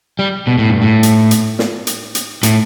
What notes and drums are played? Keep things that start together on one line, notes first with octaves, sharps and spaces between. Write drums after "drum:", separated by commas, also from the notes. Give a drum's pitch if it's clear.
G3
B2
A2
G2
A2
drum: hi-hat
drum: hi-hat
drum: snare
drum: hi-hat
drum: hi-hat
A2, drum: hi-hat